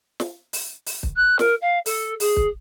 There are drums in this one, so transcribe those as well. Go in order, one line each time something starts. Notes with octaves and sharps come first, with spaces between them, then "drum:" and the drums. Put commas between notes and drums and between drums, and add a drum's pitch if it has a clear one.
drum: snare
drum: open hi-hat
drum: open hi-hat
drum: kick
F#6
A#4, drum: snare
F5
A4, drum: open hi-hat
G#4, drum: open hi-hat
drum: kick